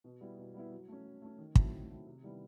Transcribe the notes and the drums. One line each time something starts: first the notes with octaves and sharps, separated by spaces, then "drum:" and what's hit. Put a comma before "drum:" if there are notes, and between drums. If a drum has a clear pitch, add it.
B2
G3 B3 E4
B2
G3 B3 E4
F#3
A3 C#4
F#3
A3 C#4
D#3
F#3 A3 C4 E4, drum: kick
D#3
F#3 A3 C4 E4
C3
D#3 G3 B3 E4